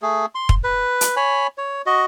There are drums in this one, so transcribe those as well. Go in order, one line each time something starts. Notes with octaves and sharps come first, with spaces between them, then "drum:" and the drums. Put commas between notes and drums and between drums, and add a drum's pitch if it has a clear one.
A3 G#4
C6
drum: kick
B4
drum: hi-hat
C#5 G#5 B5
C#5
F#4 D#5